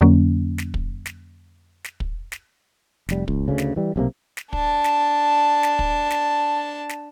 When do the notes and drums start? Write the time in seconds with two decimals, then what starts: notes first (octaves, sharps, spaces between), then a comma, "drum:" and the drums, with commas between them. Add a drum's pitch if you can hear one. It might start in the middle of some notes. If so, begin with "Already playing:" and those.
0.01 F2 D3 F#3 A#3 C#4
0.58 drum: snare
0.74 drum: kick
1.06 drum: snare
1.84 drum: snare
2.00 drum: kick
2.32 drum: snare
3.09 F1 G3, drum: snare
3.28 C#2, drum: kick
3.48 D2 C#3
3.58 drum: snare
3.76 E3 G3
3.96 B1 C3 E3 A#3
4.37 drum: snare
4.53 D4 A5, drum: kick
4.84 drum: snare
5.63 drum: snare
5.79 drum: kick
6.10 drum: snare
6.89 drum: snare